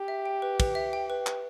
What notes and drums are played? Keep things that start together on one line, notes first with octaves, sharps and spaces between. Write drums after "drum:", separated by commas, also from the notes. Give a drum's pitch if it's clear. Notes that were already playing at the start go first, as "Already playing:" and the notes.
Already playing: G4
E5
G5
B4
B4, drum: kick, cymbal
E5
G5
B4
B4, drum: clap